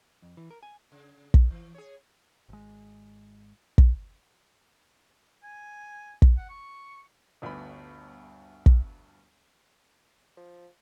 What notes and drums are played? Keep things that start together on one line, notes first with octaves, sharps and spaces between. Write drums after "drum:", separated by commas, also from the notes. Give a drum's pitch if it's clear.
F2
E3
A#4
G#5
C#3
drum: kick
E3
G#4 C#5
G#1 G#3
drum: kick
G#5
drum: kick
F#5
C#6
G1 D2 B3 B5
drum: kick
F3